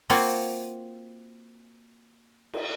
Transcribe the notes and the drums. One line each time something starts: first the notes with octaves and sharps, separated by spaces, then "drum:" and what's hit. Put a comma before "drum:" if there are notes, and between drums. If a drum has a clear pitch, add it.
A#3 C4 F4 F#4 F5 G#5, drum: open hi-hat
drum: cymbal